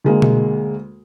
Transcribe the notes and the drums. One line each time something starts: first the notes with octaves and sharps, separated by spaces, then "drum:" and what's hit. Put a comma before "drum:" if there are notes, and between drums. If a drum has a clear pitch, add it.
D2 G#3 A#3
drum: tom B2